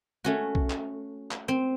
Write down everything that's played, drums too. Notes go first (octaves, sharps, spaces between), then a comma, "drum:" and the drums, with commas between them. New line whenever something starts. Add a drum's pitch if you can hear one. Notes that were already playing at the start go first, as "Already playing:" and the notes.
A3 C#4 F#4
drum: kick B1
drum: clap
drum: clap
C4